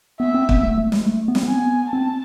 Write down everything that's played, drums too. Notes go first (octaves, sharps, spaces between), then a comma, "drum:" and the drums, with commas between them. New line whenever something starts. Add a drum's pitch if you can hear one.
B3 E5
C4
B3, drum: kick
A3
A3
G#3, drum: snare
A3
B3
C4, drum: snare
B3
C4 G#5
B3
C4 A5